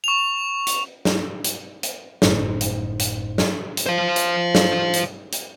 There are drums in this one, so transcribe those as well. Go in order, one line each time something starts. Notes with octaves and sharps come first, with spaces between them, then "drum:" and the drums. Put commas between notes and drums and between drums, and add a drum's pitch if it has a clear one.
C#6 F7
drum: hi-hat
drum: snare
drum: hi-hat
drum: hi-hat
G1 F#2 A2 D#4 C5, drum: snare
drum: hi-hat
drum: hi-hat
drum: snare
drum: hi-hat
C5 F5
drum: hi-hat
drum: snare
drum: hi-hat
drum: hi-hat